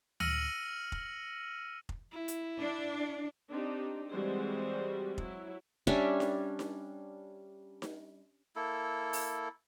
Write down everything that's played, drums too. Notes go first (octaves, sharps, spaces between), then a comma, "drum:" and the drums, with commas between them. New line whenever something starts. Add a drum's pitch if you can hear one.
E6 F6 A#6 C#7 D#7 F#7, drum: tom D2
drum: kick F1
drum: kick F1
E4
drum: hi-hat
D4
C4 D4 D#4 G4
E3 G3 G#3 C4 F#4 C5
F#3 E4, drum: kick F1
G3 C#4 D4 E5, drum: kick F1
drum: snare D#4
drum: snare D#4
drum: snare D#4
A#3 E4 A4
drum: open hi-hat